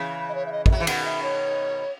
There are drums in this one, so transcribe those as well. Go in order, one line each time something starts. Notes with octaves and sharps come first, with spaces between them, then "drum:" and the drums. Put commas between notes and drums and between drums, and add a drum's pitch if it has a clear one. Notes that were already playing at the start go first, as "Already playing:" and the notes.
Already playing: C#3 E3
D#5
C#5
E5
D#5
D#5, drum: kick
F#3 E5
E3
B2 D#3 F#5, drum: cymbal
E5
C#5